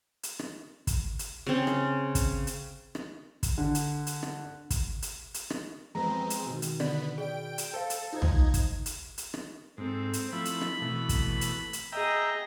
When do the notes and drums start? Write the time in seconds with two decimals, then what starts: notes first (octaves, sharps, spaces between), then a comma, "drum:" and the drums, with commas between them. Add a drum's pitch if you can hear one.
0.23 drum: hi-hat
0.39 drum: rim click
0.87 drum: kick, hi-hat
1.19 drum: hi-hat
1.47 C#3 C4
1.67 drum: rim click
2.15 drum: kick, hi-hat
2.47 drum: hi-hat
2.95 drum: rim click
3.43 drum: kick, hi-hat
3.58 D3
3.75 drum: hi-hat
4.07 drum: hi-hat
4.23 drum: rim click
4.70 drum: kick, hi-hat
5.02 drum: hi-hat
5.34 drum: hi-hat
5.50 drum: rim click
5.95 F2 G#3 B3 C4 B4 A#5 A#6
6.30 drum: hi-hat
6.46 B2 D#3
6.62 drum: hi-hat
6.80 D3 B3 D5 B5, drum: rim click
7.18 G#4 D5 G5 D7
7.58 drum: hi-hat
7.74 A4 C5 F5 A5
7.90 drum: hi-hat
8.13 D#4 F4 C5 G#6
8.22 drum: tom
8.54 drum: kick, hi-hat
8.86 drum: hi-hat
9.18 drum: hi-hat
9.34 drum: rim click
9.78 G#2 C4 A4
10.13 drum: hi-hat
10.33 F3 A3 E4 B5
10.45 drum: hi-hat
10.61 drum: rim click
10.81 B2 E3 A3
11.09 drum: kick, hi-hat
11.41 drum: hi-hat
11.73 drum: hi-hat
11.92 G#4 D#5 E5 G5 A#5